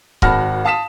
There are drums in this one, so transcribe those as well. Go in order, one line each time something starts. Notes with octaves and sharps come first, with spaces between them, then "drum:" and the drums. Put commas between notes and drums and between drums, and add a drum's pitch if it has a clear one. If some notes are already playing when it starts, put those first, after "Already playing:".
G#1 F#4 A5 B5 F6 A#6, drum: kick C#1
F5 A5 D#6 B6 E7